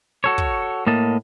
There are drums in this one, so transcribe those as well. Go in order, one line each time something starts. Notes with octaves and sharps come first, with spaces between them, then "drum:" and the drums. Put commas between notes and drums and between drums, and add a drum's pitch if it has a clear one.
F#4 A4 C#5
drum: kick
A2 A#3 D#5 A5